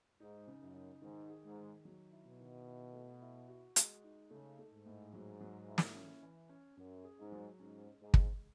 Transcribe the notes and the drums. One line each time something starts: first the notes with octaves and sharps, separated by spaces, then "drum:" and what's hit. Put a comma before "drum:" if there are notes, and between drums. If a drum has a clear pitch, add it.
G#2 D#4
C#3
F#2
D#4
G#2 D#3
G#4
G#2
D#3
F#3
E4
B2
D#3
E4
A3
E4
F#4
G#3, drum: hi-hat
D#4
C#3 A3
A3
G#2
A2
F#3
F#3
E4
drum: snare
C#4
E3
C#4
F#2 C#4
G#4
G#2
F#3
G#2 C#4
G#3
G#2
G#3, drum: kick